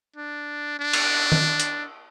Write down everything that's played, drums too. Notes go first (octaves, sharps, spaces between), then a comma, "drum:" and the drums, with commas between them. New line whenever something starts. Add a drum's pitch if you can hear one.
D4
D4
drum: cymbal
drum: tom D#3
drum: hi-hat